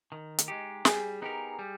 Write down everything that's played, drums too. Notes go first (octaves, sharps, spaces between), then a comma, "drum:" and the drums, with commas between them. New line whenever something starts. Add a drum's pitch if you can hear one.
D#3
drum: hi-hat
G#3 D#4 G4
G3 G#4, drum: snare
B3 D#4 G4 A#4
G3